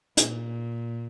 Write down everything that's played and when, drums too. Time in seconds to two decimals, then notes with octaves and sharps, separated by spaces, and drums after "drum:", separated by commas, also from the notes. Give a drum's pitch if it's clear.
0.17 A#2, drum: hi-hat